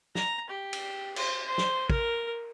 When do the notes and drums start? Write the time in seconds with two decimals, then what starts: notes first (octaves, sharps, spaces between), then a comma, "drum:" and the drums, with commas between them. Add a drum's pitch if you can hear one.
0.15 A#5, drum: snare
0.50 G4
0.73 drum: cymbal
1.16 C5, drum: cymbal
1.46 C5
1.58 drum: snare
1.90 A#4, drum: kick